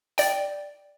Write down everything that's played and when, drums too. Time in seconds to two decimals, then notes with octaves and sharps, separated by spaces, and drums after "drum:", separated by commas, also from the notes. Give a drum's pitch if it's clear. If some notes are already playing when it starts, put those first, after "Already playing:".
0.18 D5 G5, drum: hi-hat